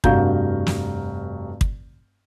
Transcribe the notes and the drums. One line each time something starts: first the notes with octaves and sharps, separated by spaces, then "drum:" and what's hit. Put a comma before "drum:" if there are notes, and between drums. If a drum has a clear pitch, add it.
F1 G2 F#4 F5 A#5 G6, drum: kick
drum: snare
drum: kick